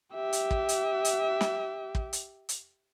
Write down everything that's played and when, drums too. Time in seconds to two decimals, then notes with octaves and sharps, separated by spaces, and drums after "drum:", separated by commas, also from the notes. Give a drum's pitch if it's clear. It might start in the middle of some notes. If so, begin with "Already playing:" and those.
0.15 G4 E5
0.33 drum: hi-hat
0.51 drum: kick
0.69 drum: hi-hat
1.05 drum: hi-hat
1.41 drum: snare
1.95 drum: kick
2.13 drum: hi-hat
2.49 drum: hi-hat